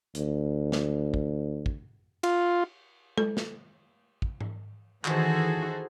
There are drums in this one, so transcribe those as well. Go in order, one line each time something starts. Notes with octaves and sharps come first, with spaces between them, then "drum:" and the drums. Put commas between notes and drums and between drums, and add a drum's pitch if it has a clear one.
D2, drum: hi-hat
drum: snare
drum: kick
drum: kick
F4, drum: cymbal
A4, drum: tom G#3
drum: snare
drum: kick
drum: tom G#2
D#3 E3 F#4 G#4 A4 C5, drum: clap